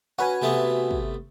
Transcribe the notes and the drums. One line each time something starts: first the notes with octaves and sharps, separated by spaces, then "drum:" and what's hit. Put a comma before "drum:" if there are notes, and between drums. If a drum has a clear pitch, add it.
C#4 F#4 B4 G#5
C3 A3 B3
drum: kick